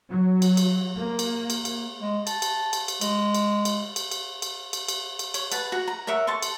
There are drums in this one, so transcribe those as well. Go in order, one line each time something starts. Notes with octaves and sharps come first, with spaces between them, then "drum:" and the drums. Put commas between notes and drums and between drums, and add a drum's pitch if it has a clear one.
F#3
drum: cymbal
drum: cymbal
A#3
drum: cymbal
drum: cymbal
drum: cymbal
G#3
A5, drum: cymbal
drum: cymbal
drum: cymbal
drum: cymbal
G#3, drum: cymbal
drum: cymbal
drum: cymbal
drum: cymbal
drum: cymbal
drum: cymbal
drum: cymbal
drum: cymbal
drum: cymbal
C#5, drum: cymbal
B4 F#5 A5, drum: cymbal
F#4
A#5
A#4 C#5 E5 F#5
A4 A5 C6 C#6
drum: cymbal